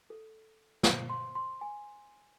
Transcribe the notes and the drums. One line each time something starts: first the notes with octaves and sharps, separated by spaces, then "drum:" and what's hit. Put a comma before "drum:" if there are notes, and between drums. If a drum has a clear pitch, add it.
A4
C5, drum: snare
C6
C6
G#5